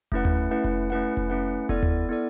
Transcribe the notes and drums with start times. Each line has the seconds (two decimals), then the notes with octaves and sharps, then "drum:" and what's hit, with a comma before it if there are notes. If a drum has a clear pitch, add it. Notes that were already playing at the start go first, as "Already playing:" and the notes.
0.12 A3 C#4 E4 B4 F#5, drum: kick F1
0.25 drum: tom D#2
0.51 A3 C#4 E4 B4 F#5
0.64 drum: kick F1
0.90 A3 C#4 E4 B4 F#5
1.17 drum: kick F1
1.30 A3 C#4 E4 B4 F#5
1.69 B3 E4 A4 D5, drum: kick F1
1.83 drum: tom D#2
2.09 B3 E4 A4 D5